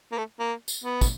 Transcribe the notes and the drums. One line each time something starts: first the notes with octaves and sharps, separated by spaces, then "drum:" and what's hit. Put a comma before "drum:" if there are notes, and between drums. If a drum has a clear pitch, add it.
A#3
A3
A#3
drum: tambourine
B3
drum: kick, tambourine